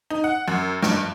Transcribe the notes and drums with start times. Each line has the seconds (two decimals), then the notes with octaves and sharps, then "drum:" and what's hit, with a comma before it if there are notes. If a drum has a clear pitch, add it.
0.10 D#4
0.24 F#5
0.48 F#2
0.83 G2, drum: snare